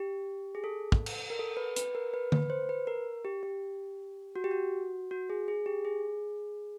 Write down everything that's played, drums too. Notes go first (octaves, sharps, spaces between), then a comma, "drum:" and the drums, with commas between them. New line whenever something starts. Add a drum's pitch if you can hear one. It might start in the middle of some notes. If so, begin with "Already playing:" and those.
Already playing: G4
G#4
A4
drum: kick
drum: cymbal
A#4
A4
B4
B4, drum: hi-hat
A#4
B4
B4, drum: tom D3
C5
B4
A#4
G4
G4
F#4
G4
F#4
F#4
G#4
G#4
G4
G#4